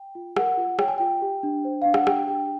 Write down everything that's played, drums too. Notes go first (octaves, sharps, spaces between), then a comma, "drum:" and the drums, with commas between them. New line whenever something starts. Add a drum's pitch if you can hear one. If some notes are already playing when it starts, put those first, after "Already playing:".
Already playing: G5
F4
A#4 F#5, drum: rim click
F4
C#5 G5, drum: rim click
G#5
F4 G5
G4
D4
C5
D4 F5
F#5, drum: rim click
G4 G5, drum: rim click
D4 G5